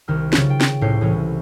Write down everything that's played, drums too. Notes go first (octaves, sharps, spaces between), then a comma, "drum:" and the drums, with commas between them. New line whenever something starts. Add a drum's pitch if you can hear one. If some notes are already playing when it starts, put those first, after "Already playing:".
C2 D#3 F6
C#3 F#3 F4, drum: snare
G5
drum: snare
C2 A2 G3 C#4 G6 C7
C2 E3 G#3 C#4